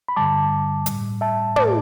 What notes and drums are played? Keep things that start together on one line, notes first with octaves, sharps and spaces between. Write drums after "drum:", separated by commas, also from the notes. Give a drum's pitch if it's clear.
B5
G2 D3 G3 A5 D6
A2 G3, drum: hi-hat
E5 A5
A2 A3 A5 D6, drum: tom